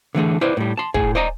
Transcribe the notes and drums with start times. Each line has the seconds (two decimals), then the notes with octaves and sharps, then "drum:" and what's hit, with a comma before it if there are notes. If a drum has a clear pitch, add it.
0.15 D3 E3 A3 G#4
0.41 E4 B4 C5 D5
0.57 A2 G3
0.77 A5 C6
0.94 A2 G#4, drum: kick
1.15 C5 D5 D#5 G#5 A#5